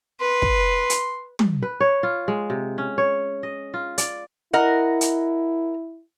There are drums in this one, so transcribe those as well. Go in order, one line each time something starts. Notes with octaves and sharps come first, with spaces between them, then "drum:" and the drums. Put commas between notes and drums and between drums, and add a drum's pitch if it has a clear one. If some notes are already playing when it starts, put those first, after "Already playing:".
B4 C6
drum: kick
drum: hi-hat
drum: tom
B4
C#5
F4
G#3
C3
C#4
C#5
D#5
F4
D5, drum: hi-hat
E4 A#4 D#5 F#5
drum: hi-hat